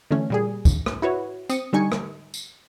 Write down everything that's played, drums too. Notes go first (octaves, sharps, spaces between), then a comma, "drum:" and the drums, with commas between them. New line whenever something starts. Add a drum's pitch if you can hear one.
D3 E3 A3 C#4
A#2 G3 G#4
drum: kick, tambourine
drum: rim click
E4 F#4 B4 C#5
C4 D#6 C#7, drum: tambourine
D3 G3 D#4 G#5 C#6 C#7
drum: rim click
drum: tambourine